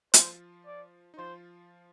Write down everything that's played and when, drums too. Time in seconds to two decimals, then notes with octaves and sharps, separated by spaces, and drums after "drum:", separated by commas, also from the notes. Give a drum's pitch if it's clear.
0.14 F3 F4 C5, drum: hi-hat
0.66 D5
1.14 D#4
1.18 F3 F4 C5